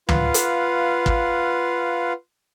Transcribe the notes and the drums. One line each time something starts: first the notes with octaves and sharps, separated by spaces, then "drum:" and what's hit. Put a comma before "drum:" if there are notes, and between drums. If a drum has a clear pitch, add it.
F4 B4 F5 F#5, drum: tom
drum: hi-hat
drum: kick